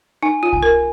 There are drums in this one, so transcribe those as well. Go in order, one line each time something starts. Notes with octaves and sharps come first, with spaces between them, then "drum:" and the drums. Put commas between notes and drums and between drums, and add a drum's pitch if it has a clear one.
D#4 G#5
F4
G#5, drum: kick
A#4